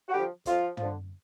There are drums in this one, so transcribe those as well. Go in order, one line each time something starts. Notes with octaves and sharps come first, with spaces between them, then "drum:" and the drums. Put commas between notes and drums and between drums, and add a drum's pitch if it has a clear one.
F#4
D3 F3 G3 G4
F2 F3 F4, drum: kick, hi-hat
D3 F3, drum: tom